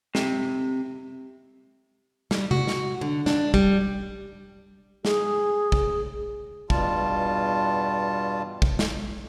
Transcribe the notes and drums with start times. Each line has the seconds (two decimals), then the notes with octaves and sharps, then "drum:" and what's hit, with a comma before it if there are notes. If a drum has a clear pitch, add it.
0.15 C3, drum: snare
2.31 G3, drum: snare
2.51 F#4, drum: tom C3
2.67 drum: snare
3.01 D3
3.26 D4, drum: snare
3.54 G3, drum: kick
5.05 G#4, drum: snare
5.72 drum: kick
6.70 E2 G2 B2 G3 F4 A5, drum: kick
8.62 drum: kick
8.79 drum: snare